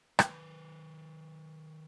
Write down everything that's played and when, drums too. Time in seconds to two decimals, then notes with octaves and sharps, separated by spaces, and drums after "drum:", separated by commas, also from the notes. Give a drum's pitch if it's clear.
0.19 D#3 B4, drum: rim click